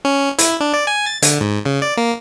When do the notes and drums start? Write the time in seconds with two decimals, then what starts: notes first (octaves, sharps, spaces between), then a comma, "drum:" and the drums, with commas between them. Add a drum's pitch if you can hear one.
0.05 C#4
0.39 E4, drum: hi-hat
0.60 D4
0.74 D5
0.87 G#5
1.06 A6
1.22 D3, drum: hi-hat
1.41 G#2
1.66 C#3
1.82 D5
1.97 A#3